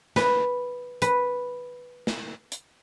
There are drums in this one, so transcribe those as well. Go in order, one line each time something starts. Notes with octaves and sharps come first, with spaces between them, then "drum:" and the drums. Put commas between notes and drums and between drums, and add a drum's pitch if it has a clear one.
B4, drum: snare
B4, drum: hi-hat
drum: snare
drum: hi-hat